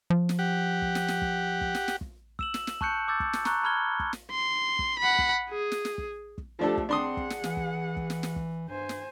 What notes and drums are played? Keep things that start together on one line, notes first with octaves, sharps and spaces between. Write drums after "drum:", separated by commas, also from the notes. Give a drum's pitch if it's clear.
F3
drum: snare
G4 F#5
drum: kick
drum: snare
drum: snare
drum: kick
drum: kick
drum: snare
drum: snare
drum: kick
E6 E7 F#7, drum: kick
drum: snare
drum: snare
A5 C#6 F#6 G6 C#7, drum: kick
D6 E6 G6 A6
drum: kick
drum: snare
A#5 C#6 F#6, drum: snare
A5 B5 F6 G#6 G7
drum: kick
drum: snare
C6
drum: kick
F#5 B5
drum: kick
G#4
drum: snare
drum: snare
drum: kick
drum: kick
F3 A3 D4 G4 A4
drum: kick
C4 D4 G#4 F#5 C6 D#6
drum: kick
drum: snare
E3, drum: snare
drum: kick
drum: kick
drum: snare
drum: snare
drum: kick
G2 C5 G#5
drum: snare